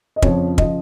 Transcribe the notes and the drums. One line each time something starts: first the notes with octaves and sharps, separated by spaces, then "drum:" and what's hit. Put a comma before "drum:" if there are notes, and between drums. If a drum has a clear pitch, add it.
D#5
F2 C#3 F3 C#5, drum: kick
C#3 F3 D#5, drum: kick